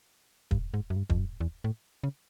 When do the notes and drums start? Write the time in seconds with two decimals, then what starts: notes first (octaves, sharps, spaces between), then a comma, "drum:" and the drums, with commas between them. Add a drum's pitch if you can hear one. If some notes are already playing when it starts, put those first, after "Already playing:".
0.51 G2, drum: kick
0.74 G#2
0.90 F#2
0.96 G2
1.10 F2, drum: kick
1.18 F#2
1.41 E2
1.64 A2
2.03 C#3